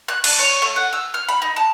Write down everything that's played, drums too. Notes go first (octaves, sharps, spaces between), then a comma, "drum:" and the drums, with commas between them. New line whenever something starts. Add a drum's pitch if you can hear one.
F#6
D4, drum: cymbal
C#5
A3
F#5
E6
F6
B5
D#4
A5